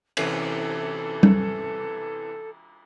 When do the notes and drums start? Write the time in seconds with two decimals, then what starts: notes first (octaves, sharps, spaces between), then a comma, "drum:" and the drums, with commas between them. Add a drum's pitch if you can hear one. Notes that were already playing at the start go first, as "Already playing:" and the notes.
0.17 C3 E3 C#4 A4, drum: cymbal
1.23 drum: tom G3